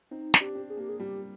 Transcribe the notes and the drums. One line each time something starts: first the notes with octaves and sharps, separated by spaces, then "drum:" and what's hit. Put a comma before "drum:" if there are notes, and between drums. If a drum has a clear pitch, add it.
C4 D#4
D4, drum: snare
G4
C4
G#4
A#3 G4
G#4
G3 G4